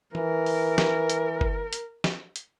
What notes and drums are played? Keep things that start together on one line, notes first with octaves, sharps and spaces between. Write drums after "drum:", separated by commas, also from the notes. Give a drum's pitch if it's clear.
E3 A#4, drum: tom
drum: open hi-hat
drum: snare
drum: hi-hat
drum: kick G1
drum: hi-hat
drum: snare
drum: hi-hat